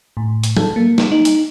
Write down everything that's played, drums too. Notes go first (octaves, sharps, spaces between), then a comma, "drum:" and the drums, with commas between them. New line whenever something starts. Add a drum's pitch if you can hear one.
A2
drum: hi-hat
A4, drum: tom
A#3
drum: snare
D#4
drum: hi-hat